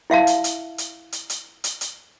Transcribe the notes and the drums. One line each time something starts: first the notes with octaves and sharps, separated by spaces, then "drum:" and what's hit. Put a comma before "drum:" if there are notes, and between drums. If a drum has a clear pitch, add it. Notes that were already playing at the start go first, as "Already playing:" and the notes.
E4 E5 F5 A5
drum: hi-hat
drum: hi-hat
drum: hi-hat
drum: hi-hat
drum: hi-hat
drum: hi-hat
drum: hi-hat